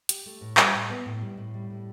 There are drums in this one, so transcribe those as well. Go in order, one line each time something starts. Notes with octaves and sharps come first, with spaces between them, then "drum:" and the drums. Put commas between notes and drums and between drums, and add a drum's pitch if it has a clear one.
G4, drum: hi-hat
A3
A2
G3, drum: clap
A2
B3
A2
G3
A2
G3
A2